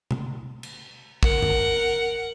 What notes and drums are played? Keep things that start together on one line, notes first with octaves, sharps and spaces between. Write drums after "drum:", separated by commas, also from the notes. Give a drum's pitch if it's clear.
drum: tom B2
drum: cymbal
A#4 F#5, drum: kick
drum: tom F#2